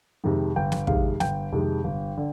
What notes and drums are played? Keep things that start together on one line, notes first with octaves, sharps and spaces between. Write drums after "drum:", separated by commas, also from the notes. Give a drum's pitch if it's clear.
F2 C3 D#3 G#3
G1 G5
drum: snare
F2 C3 D#3 G#3 F5, drum: kick
G1 G5, drum: snare
F2 C3 D#3 G#3
G1
D3